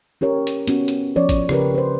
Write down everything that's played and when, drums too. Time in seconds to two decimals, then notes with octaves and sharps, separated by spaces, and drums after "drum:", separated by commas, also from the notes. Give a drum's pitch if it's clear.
0.21 C#4 G4 A#4 C#5
0.47 drum: hi-hat
0.67 B3 C#4 F#4, drum: hi-hat
0.88 drum: hi-hat
1.16 F3 C#4 C#5 D5
1.29 drum: kick G#1, hi-hat
1.49 C#3 G4 A#4 B4, drum: rim click
1.75 B4 C5